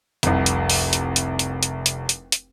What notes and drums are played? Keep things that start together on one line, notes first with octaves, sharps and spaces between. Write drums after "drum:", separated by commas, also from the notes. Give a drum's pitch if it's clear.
F1 C2, drum: hi-hat
drum: hi-hat
drum: open hi-hat
drum: hi-hat
drum: hi-hat
drum: hi-hat
drum: hi-hat
drum: hi-hat
drum: hi-hat
drum: hi-hat